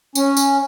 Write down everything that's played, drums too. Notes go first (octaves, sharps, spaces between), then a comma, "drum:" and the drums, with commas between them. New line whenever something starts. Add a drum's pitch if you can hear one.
C#4, drum: tambourine
drum: tambourine